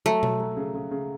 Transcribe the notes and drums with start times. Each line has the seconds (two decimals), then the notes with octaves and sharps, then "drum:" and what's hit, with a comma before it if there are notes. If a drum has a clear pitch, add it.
0.06 F#3 A3
0.23 F#3, drum: tom B2
0.40 F#3
0.57 C#3
0.74 C#3
0.91 C#3